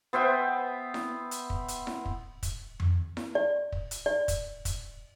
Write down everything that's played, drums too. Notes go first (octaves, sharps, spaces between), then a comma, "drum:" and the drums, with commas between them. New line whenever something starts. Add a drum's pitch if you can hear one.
B3 C5 E5 G5
drum: snare E4
drum: hi-hat
drum: kick
drum: hi-hat
drum: snare E4
drum: kick
drum: kick, hi-hat
drum: tom F2
drum: snare E4
D5
drum: kick
drum: hi-hat
D5
drum: kick, hi-hat
drum: kick, hi-hat